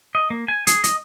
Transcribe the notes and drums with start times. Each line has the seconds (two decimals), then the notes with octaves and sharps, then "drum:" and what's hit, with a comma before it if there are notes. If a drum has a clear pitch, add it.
0.15 D#5
0.30 A#3
0.48 G#5
0.67 G#4, drum: hi-hat
0.84 D#5, drum: hi-hat